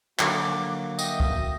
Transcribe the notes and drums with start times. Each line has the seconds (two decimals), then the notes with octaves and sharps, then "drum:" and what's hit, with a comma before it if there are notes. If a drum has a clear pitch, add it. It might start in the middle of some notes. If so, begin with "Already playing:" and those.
0.19 D3 F#3 A#3 F#4 A#5 D6, drum: clap
0.99 D#5 E5 G5, drum: tambourine
1.20 drum: kick